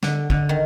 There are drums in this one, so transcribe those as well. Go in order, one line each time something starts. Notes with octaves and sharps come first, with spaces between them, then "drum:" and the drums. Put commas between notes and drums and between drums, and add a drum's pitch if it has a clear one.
D3, drum: snare
D3, drum: kick
D#3